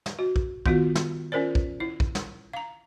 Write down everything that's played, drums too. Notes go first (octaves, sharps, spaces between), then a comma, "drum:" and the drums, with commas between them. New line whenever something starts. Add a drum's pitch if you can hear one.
drum: snare
F#4
drum: kick
D#3 B3 F4 F#4, drum: kick
drum: snare
C#4 F4 A#4 C5 D5
drum: kick
E4
drum: kick
drum: snare
F5 A#5